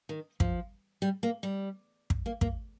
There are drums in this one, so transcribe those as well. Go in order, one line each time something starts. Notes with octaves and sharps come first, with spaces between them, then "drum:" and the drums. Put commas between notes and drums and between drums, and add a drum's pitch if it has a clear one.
D#3
F3, drum: kick
G3
A#3
G3
drum: kick
A#3
A#3, drum: kick